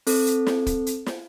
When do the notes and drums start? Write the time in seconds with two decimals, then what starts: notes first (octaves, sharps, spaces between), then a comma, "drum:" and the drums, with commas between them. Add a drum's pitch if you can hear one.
0.07 C4 A4, drum: open hi-hat
0.27 drum: hi-hat
0.47 drum: snare
0.66 drum: kick, hi-hat
0.86 drum: hi-hat
1.06 drum: snare